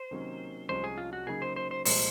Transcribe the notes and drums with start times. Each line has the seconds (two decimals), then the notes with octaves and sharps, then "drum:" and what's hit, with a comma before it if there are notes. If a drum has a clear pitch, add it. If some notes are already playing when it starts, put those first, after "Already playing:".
Already playing: C5
0.11 C3 D#3 F#3 A#3 C#4
0.69 C2 C3 F3 G#3 C#4 C5
0.84 G#4
0.98 F4
1.13 F#4
1.27 C#3 F#3 A#3 D#4 G#4
1.42 C5
1.56 C5
1.71 C5
1.85 C2 A#2 F3 G#3 C5, drum: open hi-hat